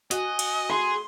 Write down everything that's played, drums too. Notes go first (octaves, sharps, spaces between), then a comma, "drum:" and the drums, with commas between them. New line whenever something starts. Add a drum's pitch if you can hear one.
F#4 D#5 G#5, drum: hi-hat
drum: cymbal
G#4 C6